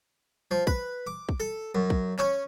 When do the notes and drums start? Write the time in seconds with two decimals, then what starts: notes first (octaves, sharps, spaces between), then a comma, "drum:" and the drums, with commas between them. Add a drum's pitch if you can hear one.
0.51 F3
0.67 B4, drum: kick
1.07 D6
1.29 drum: kick
1.40 A4
1.75 F#2
1.90 drum: kick
2.19 C#4, drum: clap